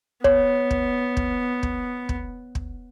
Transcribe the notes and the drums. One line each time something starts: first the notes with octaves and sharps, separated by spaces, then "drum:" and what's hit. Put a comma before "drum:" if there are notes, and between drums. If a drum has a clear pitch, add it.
B3 C#5, drum: kick
drum: kick
drum: kick
drum: kick
drum: kick
drum: kick